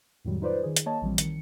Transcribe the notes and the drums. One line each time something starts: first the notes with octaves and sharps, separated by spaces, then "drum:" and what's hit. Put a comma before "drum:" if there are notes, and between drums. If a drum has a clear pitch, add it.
F2 A2 D#3 F#3 G3
D#4 F4 B4 C5 D5
D#3 G#4
drum: hi-hat
A#3 C#5 D#5 A5
A#1 E3 F3 G3 C4
D#3 C#7, drum: hi-hat